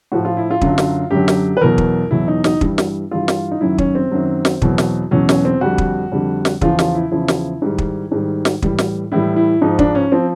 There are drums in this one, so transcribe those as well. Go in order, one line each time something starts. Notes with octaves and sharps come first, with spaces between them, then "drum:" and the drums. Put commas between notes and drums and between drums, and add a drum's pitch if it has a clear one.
A2 F3 F#4
F4
E4
F4
F#2 D3 F#3, drum: kick
drum: snare
F#2 D3 F#3 G4
drum: snare
B4
E2 B2 F#3 A#4
drum: kick
E2 B2 F#3 E4
D#4
D#4, drum: snare
G2 E3 G3, drum: kick
drum: snare
G2 E3 G3 F4
drum: snare
D#4
F#2 D#3 F#3 E4
C#4, drum: kick
C4
F#2 D#3 F#3
drum: snare
E2 B2 F#3, drum: kick
drum: snare
E2 B2 F#3 C#4
C#4, drum: snare
C4
F2 D3 G3 F#4
drum: kick
F2 D3 G3
drum: snare
E2 C#3 F3 F4, drum: kick
F4, drum: snare
E4
E2 C#3 F3 E4
drum: snare
G#2 D#3 G3
drum: kick
G#2 D#3 G3
drum: snare
A2 E3 G3, drum: kick
drum: snare
A2 E3 G3 E4
E4
G#2 F3 D#4
D4, drum: kick
C#4
F3 C4